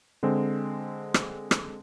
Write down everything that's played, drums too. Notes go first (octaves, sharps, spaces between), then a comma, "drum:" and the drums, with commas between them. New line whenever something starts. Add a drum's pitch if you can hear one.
D3 G#3 C4
drum: rim click
drum: rim click